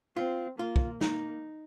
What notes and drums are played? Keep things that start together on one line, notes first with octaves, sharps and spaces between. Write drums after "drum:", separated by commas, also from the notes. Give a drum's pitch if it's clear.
C4 F4
A#3 F4
drum: kick
A#3 D#4, drum: snare